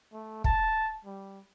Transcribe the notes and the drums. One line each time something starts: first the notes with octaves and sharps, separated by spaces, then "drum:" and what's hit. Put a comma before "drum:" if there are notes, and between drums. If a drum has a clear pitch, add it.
A3
A5, drum: kick
G3